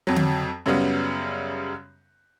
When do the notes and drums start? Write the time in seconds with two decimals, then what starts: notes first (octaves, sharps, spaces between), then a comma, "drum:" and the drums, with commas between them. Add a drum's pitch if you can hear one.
0.07 F2 F#3
0.16 drum: tom D3
0.66 F#2 C#3 F#3 G3 B3